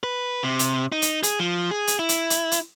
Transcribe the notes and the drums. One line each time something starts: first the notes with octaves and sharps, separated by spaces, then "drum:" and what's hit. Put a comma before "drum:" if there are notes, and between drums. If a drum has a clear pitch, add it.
B4
C3
drum: hi-hat
D#4
drum: hi-hat
G#4, drum: hi-hat
F3
G#4
drum: hi-hat
E4
drum: hi-hat
drum: hi-hat
drum: hi-hat